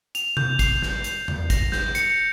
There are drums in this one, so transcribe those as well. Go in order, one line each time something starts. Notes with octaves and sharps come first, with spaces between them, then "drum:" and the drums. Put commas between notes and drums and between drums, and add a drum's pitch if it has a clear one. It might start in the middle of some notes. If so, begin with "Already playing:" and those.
F7, drum: hi-hat
G6, drum: tom C3
C7, drum: kick, hi-hat
G6, drum: snare
F7, drum: hi-hat
G6, drum: tom E2
A#6, drum: kick, hi-hat
G6, drum: snare
C#7, drum: hi-hat